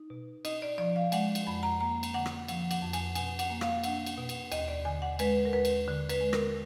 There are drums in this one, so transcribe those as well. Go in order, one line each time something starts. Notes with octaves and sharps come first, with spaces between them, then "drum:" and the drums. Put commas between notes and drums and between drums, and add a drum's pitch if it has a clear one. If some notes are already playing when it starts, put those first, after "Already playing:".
Already playing: D#4
B2
D#4 D#5, drum: cymbal
D5
F3 D5
F5
G#3 F#5, drum: cymbal
drum: cymbal
F2 B5
A#5
A#3 A#5
drum: cymbal
D3 F#5
drum: rim click
F3 F#5, drum: cymbal
F#5, drum: cymbal
F2
G#5, drum: cymbal
B2 G#5, drum: cymbal
F#5, drum: cymbal
A#3
F5, drum: rim click
D4 F#5, drum: cymbal
drum: cymbal
B2
drum: cymbal
D#2 D#5, drum: cymbal
D5
D3 G#5
F#5
G#3 B4, drum: cymbal
A#4
D#2 B4
drum: cymbal
D3
B4, drum: cymbal
G#3
A#4, drum: rim click